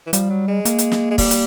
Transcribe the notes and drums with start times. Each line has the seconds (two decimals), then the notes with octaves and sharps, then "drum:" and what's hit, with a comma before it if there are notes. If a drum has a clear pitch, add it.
0.07 E3
0.13 F3 G3, drum: hi-hat
0.30 F#3
0.48 G#3
0.65 A#3, drum: hi-hat
0.78 drum: hi-hat
0.92 drum: snare
1.11 G#3
1.18 G3, drum: kick, open hi-hat
1.31 drum: hi-hat